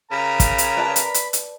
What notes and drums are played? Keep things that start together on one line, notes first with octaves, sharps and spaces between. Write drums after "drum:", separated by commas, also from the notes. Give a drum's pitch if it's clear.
C#3 A#4 A#5 B5
drum: kick, hi-hat
drum: hi-hat
B4 D5 A5
drum: hi-hat
drum: hi-hat
drum: hi-hat